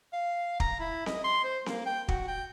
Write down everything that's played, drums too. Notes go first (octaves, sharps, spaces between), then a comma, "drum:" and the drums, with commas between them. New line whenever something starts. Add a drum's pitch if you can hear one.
F5
A#5, drum: kick
E4
D#5, drum: snare C4
C6
C5
A#3, drum: snare C4
G5
F#4, drum: kick
G5